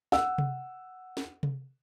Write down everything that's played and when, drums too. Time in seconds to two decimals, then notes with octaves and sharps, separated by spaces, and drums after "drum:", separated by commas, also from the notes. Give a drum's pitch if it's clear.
0.12 F#5 E6, drum: snare
0.38 drum: tom C3
1.17 drum: snare
1.43 drum: tom C3